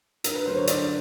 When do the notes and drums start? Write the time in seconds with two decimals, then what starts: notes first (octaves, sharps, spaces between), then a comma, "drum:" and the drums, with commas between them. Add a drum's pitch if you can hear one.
0.24 G2 A#4, drum: hi-hat
0.35 B4
0.46 D3 F#3 C5
0.57 C#5
0.67 G2 D5, drum: hi-hat